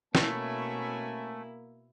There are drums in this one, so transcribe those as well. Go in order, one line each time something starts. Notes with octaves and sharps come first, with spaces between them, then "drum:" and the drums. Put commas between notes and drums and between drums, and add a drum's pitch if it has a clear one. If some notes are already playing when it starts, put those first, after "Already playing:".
B2 A3 A#3 C#4 E4 E5 G#5, drum: snare